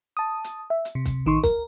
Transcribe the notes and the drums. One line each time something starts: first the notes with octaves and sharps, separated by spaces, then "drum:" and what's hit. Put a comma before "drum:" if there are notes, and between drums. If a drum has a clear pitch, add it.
A5 D#6
drum: hi-hat
E5
drum: hi-hat
C3
drum: kick, hi-hat
A1 D#3 D#4 C6 C#6
A#4, drum: kick, hi-hat